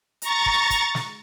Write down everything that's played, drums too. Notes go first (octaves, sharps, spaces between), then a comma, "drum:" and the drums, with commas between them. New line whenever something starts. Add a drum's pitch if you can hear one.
A#5 C#6 A6, drum: hi-hat
drum: kick
drum: kick, hi-hat
drum: snare